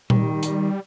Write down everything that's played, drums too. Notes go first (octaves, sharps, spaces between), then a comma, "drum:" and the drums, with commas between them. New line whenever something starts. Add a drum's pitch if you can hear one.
D#3 G3, drum: tom A#2
drum: hi-hat